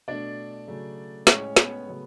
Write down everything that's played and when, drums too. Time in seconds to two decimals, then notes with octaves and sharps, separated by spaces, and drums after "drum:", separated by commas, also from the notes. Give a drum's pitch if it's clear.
0.08 B2 A3 D4 D5
0.68 C#3 F#3 A3
1.27 A2 G#3 C#4 C#5, drum: snare
1.56 B3 B4, drum: snare
1.87 C#3 F#3 A3